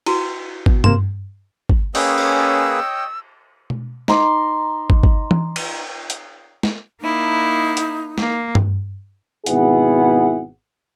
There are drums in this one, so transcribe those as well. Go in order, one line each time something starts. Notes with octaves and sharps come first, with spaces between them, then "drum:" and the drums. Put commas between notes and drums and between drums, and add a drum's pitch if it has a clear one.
E4 F#4, drum: cymbal
B2, drum: kick
C3 A#3 C6 E7, drum: tom G2
drum: kick
A#3 C#4 G#4 B4 C#5 D#5 G5 E6, drum: open hi-hat
drum: cymbal
drum: tom B2
D#4 C6 D6, drum: snare
drum: kick
drum: kick
drum: tom E3
drum: cymbal
drum: hi-hat
drum: snare
A#3 D#4 E4
drum: hi-hat
A#3, drum: snare
drum: tom G2
G#1 B2 B3 E4 G#4 F#5, drum: hi-hat